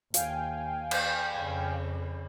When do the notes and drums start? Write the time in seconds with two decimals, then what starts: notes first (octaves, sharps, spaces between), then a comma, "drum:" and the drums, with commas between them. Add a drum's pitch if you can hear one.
0.14 D#2 F5 G5 G#5, drum: hi-hat
0.91 drum: cymbal
1.36 F2 C#3